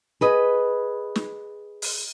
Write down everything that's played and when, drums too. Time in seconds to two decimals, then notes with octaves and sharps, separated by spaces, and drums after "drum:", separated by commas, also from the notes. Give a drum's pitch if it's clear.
0.21 G#4 B4 D#5
1.16 drum: snare
1.82 drum: open hi-hat